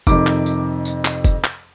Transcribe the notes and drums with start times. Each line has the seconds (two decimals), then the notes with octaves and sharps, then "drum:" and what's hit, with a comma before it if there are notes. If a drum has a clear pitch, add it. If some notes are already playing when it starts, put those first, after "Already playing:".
0.07 F2 C3 D#3 D6, drum: kick, tambourine
0.27 drum: clap
0.46 drum: tambourine
0.85 drum: tambourine
1.05 drum: clap
1.24 drum: kick, tambourine
1.44 drum: clap